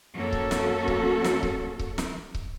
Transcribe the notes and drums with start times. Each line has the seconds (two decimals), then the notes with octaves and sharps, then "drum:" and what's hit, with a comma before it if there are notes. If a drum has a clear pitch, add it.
0.14 F#2 A#3 C#4 F#4 A4
0.33 drum: kick C#1
0.51 drum: snare
0.88 drum: kick C#1
1.24 drum: snare
1.43 drum: kick C#1
1.79 drum: kick C#1
1.98 drum: snare
2.35 drum: kick C#1